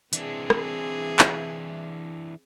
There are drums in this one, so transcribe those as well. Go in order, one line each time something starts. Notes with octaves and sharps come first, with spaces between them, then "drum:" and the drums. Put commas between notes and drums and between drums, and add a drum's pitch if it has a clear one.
E3 C4 D4 G#4, drum: hi-hat
drum: rim click
drum: clap